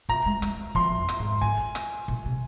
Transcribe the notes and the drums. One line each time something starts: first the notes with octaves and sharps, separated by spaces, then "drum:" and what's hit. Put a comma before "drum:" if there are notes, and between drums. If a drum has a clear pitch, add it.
C3 A#5, drum: kick
G#3
G#3, drum: rim click
F3 C6, drum: kick
F2
drum: rim click
G#2
G#5, drum: kick
drum: rim click
A#2, drum: kick
C3